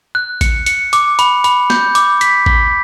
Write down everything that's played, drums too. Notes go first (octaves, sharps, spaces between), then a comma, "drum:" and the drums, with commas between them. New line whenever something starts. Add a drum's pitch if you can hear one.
F#6
C#7, drum: kick A1, hi-hat
C#7, drum: hi-hat
D6, drum: hi-hat
B5, drum: hi-hat
B5, drum: hi-hat
G6, drum: snare
D6, drum: hi-hat
B6, drum: hi-hat
B6, drum: kick A1